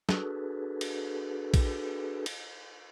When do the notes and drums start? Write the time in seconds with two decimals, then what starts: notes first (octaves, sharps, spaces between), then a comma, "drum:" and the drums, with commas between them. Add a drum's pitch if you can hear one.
0.09 D4 F#4 G#4 A4 B4, drum: snare
0.81 drum: cymbal
1.54 drum: kick A#1, cymbal
2.26 drum: cymbal